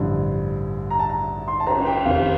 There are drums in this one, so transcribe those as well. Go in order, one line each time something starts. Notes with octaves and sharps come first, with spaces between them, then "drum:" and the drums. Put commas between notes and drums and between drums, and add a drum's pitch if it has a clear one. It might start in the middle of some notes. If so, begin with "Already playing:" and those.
Already playing: A1 G2 D3 F3
A#5
A5
A#5
C6
A5
A#5, drum: cymbal
G5
F1 F2 C3 D#3 F5